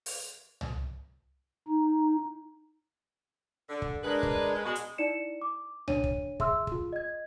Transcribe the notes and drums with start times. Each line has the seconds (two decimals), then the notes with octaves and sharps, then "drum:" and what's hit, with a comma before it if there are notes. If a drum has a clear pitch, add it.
0.06 drum: open hi-hat
0.61 drum: tom
1.67 D#4
3.69 D3
3.82 drum: kick
4.03 G#3 D4 G#4 A#4 B4
4.23 drum: kick
4.65 B2 G#3 F#4
4.75 drum: hi-hat
4.98 D#4 E4 D5 C#7 E7
5.42 D6
5.88 D4 C#5 D#7, drum: tom
6.04 drum: kick
6.40 G#4 E5 C6 E6 F6, drum: kick
6.67 F4 G#4, drum: kick
6.93 D#5 G#6